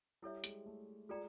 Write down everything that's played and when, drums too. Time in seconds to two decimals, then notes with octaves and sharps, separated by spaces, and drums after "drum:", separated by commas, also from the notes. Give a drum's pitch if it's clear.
0.22 G3 E4 A4 C#5 E5
0.44 G#3, drum: hi-hat
0.66 A3
1.09 G#3 F4 A4 D5 G5 A#5